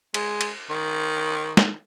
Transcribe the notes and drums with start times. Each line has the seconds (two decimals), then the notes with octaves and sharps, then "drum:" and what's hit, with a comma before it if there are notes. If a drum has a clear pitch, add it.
0.14 G#3, drum: cymbal
0.41 drum: cymbal
0.69 D#3
1.57 drum: snare